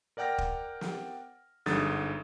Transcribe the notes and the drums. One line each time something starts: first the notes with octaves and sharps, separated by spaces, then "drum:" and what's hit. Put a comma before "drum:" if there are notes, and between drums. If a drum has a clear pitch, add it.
A#4 D5 F#5 G5 F6 A#6
drum: kick
drum: snare
G1 G#2 D3 D#6 A6, drum: snare